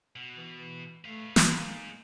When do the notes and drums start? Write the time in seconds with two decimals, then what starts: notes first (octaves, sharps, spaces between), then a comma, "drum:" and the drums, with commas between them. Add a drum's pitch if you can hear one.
0.16 B2
0.37 E3
0.53 E3
1.05 A3 B4 F5
1.36 A#3, drum: snare
1.58 G#3 D#4